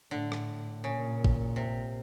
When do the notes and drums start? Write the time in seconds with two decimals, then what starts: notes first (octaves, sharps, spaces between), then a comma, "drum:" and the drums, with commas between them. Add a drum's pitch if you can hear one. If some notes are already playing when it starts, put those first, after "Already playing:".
0.11 A2 D3
0.32 drum: rim click
0.83 A#2 C#3
1.24 drum: kick A1
1.56 C3